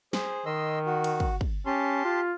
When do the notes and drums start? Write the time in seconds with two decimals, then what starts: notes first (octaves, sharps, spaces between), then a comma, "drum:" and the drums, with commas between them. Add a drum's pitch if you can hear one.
0.13 G#4 C5, drum: snare
0.46 D#3 D#5 C6 E6
0.86 F#4
1.04 drum: cymbal
1.20 drum: kick
1.41 drum: kick
1.66 C#4 G4 A5 C6
2.04 F4